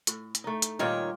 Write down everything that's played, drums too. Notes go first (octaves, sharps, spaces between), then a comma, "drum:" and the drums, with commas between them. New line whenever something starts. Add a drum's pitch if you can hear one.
A2, drum: hi-hat
drum: hi-hat
A3 D#4
drum: hi-hat
A#2 D#3 G3 F4 C#5 D5